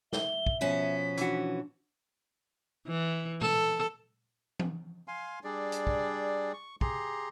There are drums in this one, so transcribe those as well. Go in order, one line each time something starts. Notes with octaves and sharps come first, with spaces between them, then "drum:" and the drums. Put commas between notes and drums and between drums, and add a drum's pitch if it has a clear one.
E5 G7, drum: snare
drum: kick
B2 F3 C#4 B6
E3 D4 F#4, drum: hi-hat
E3
A4, drum: tom A#2
drum: tom E3
F5 G#5 C6
G3 D4 G#4 D5
drum: hi-hat
drum: kick
C#6
G4 G#4 A#5 C6, drum: kick